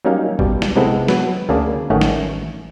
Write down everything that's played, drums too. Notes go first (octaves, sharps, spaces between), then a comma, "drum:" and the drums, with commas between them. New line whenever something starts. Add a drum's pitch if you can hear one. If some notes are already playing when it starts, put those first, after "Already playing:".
F#3 G3 A#3 C#4 D#4 F5
B2 G3, drum: kick A1
drum: snare
C3 G#3 B3 C4 E4 A4
F#3 B3, drum: snare
D2 A#3 C#4 G#4 D5 A5
A1 D#3 A3 C#4 C#5 F#5
drum: snare